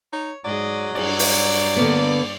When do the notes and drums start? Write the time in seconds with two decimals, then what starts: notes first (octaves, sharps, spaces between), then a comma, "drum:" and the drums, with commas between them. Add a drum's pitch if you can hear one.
0.13 D#4 C#5
0.44 G#2 F#3 G#4 D5 D#5
0.95 G2 D5, drum: cymbal
1.19 drum: open hi-hat
1.76 D3 A#3 B3